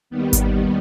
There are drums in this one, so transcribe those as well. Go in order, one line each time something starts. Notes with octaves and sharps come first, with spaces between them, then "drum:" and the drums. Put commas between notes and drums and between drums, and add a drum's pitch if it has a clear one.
D#2 D#3 G3 B3
drum: kick G#1, hi-hat